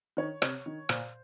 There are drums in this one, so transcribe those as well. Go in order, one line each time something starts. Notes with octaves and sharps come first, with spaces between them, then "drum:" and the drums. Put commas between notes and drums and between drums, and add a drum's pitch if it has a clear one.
D#3 C#5
C3 C#5, drum: rim click
D#3
A#2 C5, drum: rim click